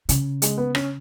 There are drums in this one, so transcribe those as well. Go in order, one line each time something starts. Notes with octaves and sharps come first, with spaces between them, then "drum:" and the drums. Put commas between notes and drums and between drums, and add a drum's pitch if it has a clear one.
C#3, drum: hi-hat
G#3, drum: hi-hat
B3
C#4, drum: rim click